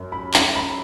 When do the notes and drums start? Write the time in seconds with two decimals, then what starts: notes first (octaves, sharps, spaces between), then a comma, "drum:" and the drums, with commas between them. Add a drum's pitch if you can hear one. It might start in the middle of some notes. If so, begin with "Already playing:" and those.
Already playing: F#2
0.12 B5
0.34 A#5, drum: clap
0.55 B5